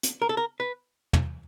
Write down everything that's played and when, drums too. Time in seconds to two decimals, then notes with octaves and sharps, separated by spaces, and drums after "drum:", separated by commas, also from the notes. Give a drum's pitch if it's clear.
0.03 drum: hi-hat
0.22 A#4
0.29 A4
0.37 A#4
0.60 B4
1.13 drum: tom